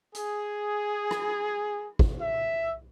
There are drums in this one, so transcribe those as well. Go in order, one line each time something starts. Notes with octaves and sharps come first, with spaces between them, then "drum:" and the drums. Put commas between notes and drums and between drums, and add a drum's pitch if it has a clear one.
G#4, drum: hi-hat
drum: rim click
drum: kick
E5